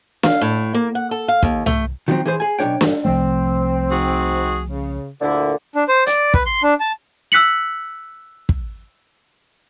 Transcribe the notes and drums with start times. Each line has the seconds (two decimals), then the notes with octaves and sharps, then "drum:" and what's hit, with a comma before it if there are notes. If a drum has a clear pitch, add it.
0.23 F5, drum: snare
0.41 A2
0.74 A#3
0.95 F#5
1.11 A4
1.28 F5
1.43 D#2, drum: kick
1.66 A3, drum: tom C2
2.08 D#3 F3 F#3 A#3 C4
2.25 E3 G#4 C5
2.40 G#4 G#5
2.59 B1 E3 D4 C#5 G5
2.81 G2, drum: snare
3.05 C2 F3 A3 C4
3.90 D#4 F#4 G#4
4.68 C#3
5.22 D2 A#2 D3 E4
5.75 D4
5.88 C5
6.07 D5, drum: hi-hat
6.34 B4, drum: kick
6.46 C6
6.63 D4
6.80 A5
7.32 E6 F#6 B6 C#7 F#7
8.49 drum: kick